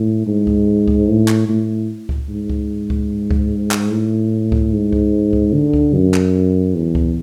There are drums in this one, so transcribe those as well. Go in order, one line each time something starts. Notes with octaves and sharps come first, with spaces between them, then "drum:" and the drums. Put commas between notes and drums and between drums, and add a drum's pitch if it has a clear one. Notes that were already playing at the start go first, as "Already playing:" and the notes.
Already playing: A2
G#2
drum: kick C#2
drum: kick C#2
A2
drum: clap
A2
drum: kick C#2
G#2
drum: kick C#2
drum: kick C#2
drum: kick C#2
drum: clap
A2
drum: kick C#2
G#2
drum: kick C#2
drum: kick C#2
D3
drum: kick C#2
F#2
drum: clap
E2
drum: kick C#2